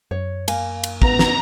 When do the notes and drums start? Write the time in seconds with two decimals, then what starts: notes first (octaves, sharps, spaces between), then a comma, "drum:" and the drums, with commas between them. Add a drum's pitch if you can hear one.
0.11 F#2 C#5
0.48 A#3 F5 G#5, drum: cymbal
0.84 drum: cymbal
1.02 A1 B3 A#5, drum: kick
1.19 drum: snare